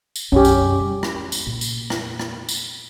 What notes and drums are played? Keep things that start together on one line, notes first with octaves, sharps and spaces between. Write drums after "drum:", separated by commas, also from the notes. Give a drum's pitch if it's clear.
drum: tambourine
B1 F#2 C#4 G4
drum: tambourine
G3
drum: rim click
drum: tambourine
A#2
drum: tambourine
drum: rim click
drum: rim click
drum: tambourine